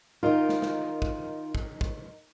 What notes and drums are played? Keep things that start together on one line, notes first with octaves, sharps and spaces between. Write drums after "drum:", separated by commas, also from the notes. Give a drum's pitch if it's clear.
D#3 D#4 F4 A#4
drum: snare
drum: snare
drum: kick
drum: kick
drum: kick